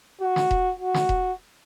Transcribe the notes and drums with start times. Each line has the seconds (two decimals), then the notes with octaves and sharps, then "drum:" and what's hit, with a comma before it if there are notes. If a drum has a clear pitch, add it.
0.21 F#4
0.36 drum: snare
0.51 drum: kick E1
0.80 F#4
0.94 drum: snare
1.09 drum: kick E1